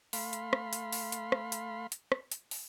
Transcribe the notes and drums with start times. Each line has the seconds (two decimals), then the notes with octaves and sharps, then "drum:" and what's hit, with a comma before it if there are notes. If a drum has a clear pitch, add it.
0.13 A3 F5 B5 C6, drum: open hi-hat
0.33 drum: hi-hat
0.53 drum: rim click
0.73 drum: hi-hat
0.93 drum: open hi-hat
1.12 drum: hi-hat
1.32 drum: rim click
1.52 drum: hi-hat
1.92 drum: hi-hat
2.12 drum: rim click
2.32 drum: hi-hat
2.51 drum: open hi-hat